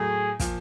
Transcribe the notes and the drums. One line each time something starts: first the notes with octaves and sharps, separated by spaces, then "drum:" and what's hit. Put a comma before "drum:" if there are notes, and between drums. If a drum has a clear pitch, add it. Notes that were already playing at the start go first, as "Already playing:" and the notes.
Already playing: A2 F#3 A3 G#4
A#2 F3, drum: kick, hi-hat